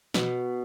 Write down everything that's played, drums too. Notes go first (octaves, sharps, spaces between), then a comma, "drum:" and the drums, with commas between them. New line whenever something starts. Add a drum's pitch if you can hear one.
B2, drum: snare